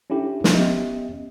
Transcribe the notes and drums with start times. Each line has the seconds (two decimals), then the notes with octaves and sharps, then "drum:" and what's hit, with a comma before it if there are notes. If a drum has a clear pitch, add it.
0.10 C#4 D4 E4 G4 A4
0.44 drum: snare
0.54 B3 C#4 G4 D#5 E5